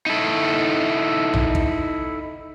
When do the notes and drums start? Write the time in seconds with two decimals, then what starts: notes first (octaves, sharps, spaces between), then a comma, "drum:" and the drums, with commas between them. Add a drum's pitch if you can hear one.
0.06 D#4 E4 A4
1.34 drum: tom A#1
1.55 drum: kick